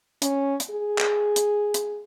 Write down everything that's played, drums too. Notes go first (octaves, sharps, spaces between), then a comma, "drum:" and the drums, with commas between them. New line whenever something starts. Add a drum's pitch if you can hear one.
C#4, drum: hi-hat
drum: hi-hat
G#4
drum: clap
drum: hi-hat
drum: hi-hat